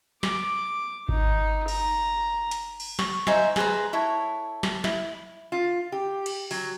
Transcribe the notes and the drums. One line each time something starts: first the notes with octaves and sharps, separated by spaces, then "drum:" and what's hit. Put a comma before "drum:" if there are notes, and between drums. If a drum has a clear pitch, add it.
D6, drum: snare
D#4, drum: kick G#1
A#5, drum: cymbal
drum: hi-hat
drum: cymbal
C#6, drum: snare
D#4 C5 E5 G#5, drum: snare
G#4 B4 C5 A#5, drum: snare
E4 A4 C#5
drum: snare
E4, drum: snare
F4
G4
drum: cymbal
F#3, drum: open hi-hat